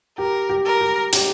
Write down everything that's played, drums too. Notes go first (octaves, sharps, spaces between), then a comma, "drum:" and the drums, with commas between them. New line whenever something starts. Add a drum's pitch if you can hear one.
G4 A#4
G4
A#4
G4
G4, drum: hi-hat